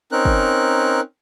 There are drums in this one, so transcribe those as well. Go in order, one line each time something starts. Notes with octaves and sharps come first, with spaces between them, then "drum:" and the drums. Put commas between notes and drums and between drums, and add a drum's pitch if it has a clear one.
C4 C#4 D#4 A#4 F#6
drum: kick